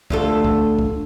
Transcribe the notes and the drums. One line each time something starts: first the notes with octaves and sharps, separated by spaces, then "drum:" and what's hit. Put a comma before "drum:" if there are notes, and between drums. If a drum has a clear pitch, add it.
D2 F4 A4, drum: kick C2
drum: kick C2
drum: kick C2